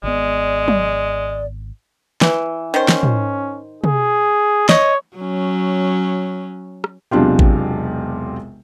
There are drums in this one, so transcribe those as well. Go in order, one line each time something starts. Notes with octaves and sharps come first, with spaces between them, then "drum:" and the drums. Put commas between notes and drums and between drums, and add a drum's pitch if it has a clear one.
G#1 G#3 B3 D5
drum: tom
E3, drum: snare
D#3 C#4 C5
drum: snare
drum: tom
G#4, drum: tom
C#5 D#5, drum: snare
F#3 C#4
drum: rim click
E1 B1 C3 D4 F4 G4
drum: kick A1